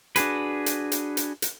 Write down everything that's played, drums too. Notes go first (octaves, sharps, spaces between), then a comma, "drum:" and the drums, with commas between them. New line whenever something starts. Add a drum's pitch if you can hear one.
D4 F#4 G#4 B4, drum: hi-hat
drum: hi-hat
drum: hi-hat
drum: hi-hat
drum: hi-hat